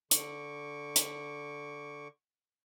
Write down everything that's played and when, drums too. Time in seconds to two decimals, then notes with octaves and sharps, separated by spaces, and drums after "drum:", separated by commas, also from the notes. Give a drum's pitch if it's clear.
0.11 D3 C#6 D6, drum: hi-hat
0.96 drum: hi-hat